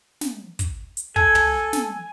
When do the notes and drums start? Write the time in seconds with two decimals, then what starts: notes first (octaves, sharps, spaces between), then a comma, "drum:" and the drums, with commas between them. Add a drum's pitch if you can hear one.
0.21 drum: snare
0.59 drum: kick, hi-hat
0.97 drum: hi-hat
1.16 A4 G#5, drum: kick
1.35 drum: tom
1.73 drum: snare